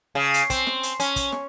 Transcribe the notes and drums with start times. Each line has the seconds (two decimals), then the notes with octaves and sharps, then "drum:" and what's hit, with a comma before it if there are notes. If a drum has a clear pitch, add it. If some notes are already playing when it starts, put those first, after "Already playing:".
0.15 C#3
0.34 drum: hi-hat
0.50 C4, drum: kick, hi-hat
0.67 drum: snare
0.83 drum: hi-hat
1.00 C#4, drum: hi-hat
1.16 drum: kick, hi-hat
1.32 drum: snare